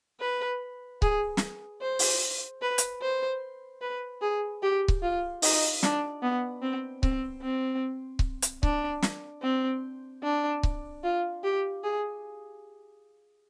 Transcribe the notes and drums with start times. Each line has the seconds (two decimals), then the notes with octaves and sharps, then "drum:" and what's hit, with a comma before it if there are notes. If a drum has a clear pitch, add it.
0.20 B4
1.02 G#4, drum: kick C#1
1.37 drum: snare
1.82 C5
1.99 drum: open hi-hat
2.62 B4
2.78 drum: hi-hat
3.02 C5
3.81 B4
4.21 G#4
4.63 G4
4.88 drum: kick C#1
5.02 F4
5.42 D#4, drum: open hi-hat
5.83 D4, drum: snare
6.22 B3
6.62 C4
7.03 C4, drum: kick C#1
7.42 C4
8.19 drum: kick C#1
8.42 drum: hi-hat
8.63 D4, drum: kick C#1
9.02 drum: snare
9.42 C4
10.23 D4
10.63 drum: kick C#1
11.04 F4
11.43 G4
11.83 G#4